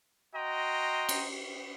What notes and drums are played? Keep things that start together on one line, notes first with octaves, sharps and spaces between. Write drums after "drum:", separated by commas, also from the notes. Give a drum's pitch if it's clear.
F#4 D#5 G5 A#5 C6
drum: cymbal